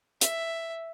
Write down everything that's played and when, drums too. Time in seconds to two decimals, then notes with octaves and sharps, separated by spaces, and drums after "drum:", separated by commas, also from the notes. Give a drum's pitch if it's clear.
0.21 E5, drum: hi-hat